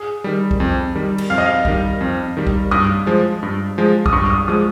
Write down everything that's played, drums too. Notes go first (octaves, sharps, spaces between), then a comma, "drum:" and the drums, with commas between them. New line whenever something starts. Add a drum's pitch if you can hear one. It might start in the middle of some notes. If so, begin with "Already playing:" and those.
Already playing: G#4
D#3 G3
drum: kick B1
F2
D#3 G3
drum: cymbal
F2 F5
D#5
F5
D#3 G3, drum: kick B1
F2
D#3 G3
drum: kick B1
G2 D#6, drum: tom F#2
F3 G#3
G2
F3 G#3
D#6, drum: kick B1
G2 C#6
D#6
F3 G#3 D#6